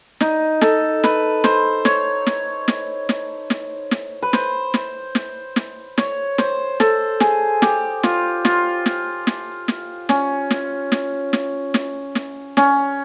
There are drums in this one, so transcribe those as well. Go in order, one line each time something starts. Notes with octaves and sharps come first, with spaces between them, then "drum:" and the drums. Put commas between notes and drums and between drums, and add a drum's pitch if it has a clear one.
D#4, drum: snare
A4, drum: snare
B4, drum: snare
C5, drum: snare
C#5, drum: snare
drum: snare
drum: snare
drum: snare
drum: snare
drum: snare
B4
C5, drum: snare
drum: snare
drum: snare
drum: snare
C#5, drum: snare
C5, drum: snare
A4, drum: snare
G#4, drum: snare
G4, drum: snare
F4, drum: snare
F4, drum: snare
drum: snare
drum: snare
drum: snare
C#4, drum: snare
drum: snare
drum: snare
drum: snare
drum: snare
drum: snare
C#4, drum: snare